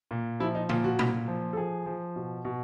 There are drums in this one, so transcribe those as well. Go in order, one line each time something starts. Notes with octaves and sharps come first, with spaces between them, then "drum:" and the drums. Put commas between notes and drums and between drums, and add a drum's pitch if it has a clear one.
A#2
F3 E4
D#4
A#2 F4, drum: tom D3
F#4
A#2, drum: tom A#2
F3
A4
F3 G#4
F3
B2
B2